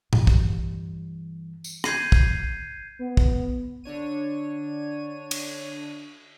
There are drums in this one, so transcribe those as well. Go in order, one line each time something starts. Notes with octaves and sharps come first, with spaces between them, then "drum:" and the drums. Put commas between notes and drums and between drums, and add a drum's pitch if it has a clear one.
G2 E3, drum: tom A2
drum: kick
drum: tambourine
G6 G#6 C7 D#7, drum: rim click
drum: kick
B3
drum: kick
D3 D4 C#5 D#7
drum: cymbal